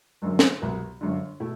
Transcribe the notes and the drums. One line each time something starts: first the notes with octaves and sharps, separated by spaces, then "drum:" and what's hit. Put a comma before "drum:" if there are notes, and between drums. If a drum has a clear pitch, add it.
F#1 F#2 D3 F#3
drum: snare
C2 B2 F#3 B3
G1 F#2 D3
B2 A3 E4